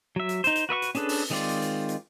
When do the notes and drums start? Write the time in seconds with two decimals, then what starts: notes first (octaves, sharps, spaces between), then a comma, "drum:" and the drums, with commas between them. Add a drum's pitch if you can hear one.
0.16 F#3 E5
0.29 drum: hi-hat
0.44 D#4 C5, drum: hi-hat
0.56 drum: hi-hat
0.69 F#4 B4 E5 C#6
0.82 drum: hi-hat
0.95 C#4 D4 G#4 A4 B4, drum: hi-hat
1.09 drum: open hi-hat
1.30 D#3 G#3 C4 F4 D5
1.49 drum: hi-hat
1.62 drum: hi-hat
1.89 drum: hi-hat